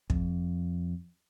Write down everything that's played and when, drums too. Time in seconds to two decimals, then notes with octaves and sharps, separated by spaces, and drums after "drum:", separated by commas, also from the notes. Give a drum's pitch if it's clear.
0.10 F2, drum: kick